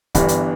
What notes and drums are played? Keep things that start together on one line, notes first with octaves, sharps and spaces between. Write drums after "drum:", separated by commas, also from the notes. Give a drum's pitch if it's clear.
G1 G2 E3 B3, drum: kick, hi-hat
drum: hi-hat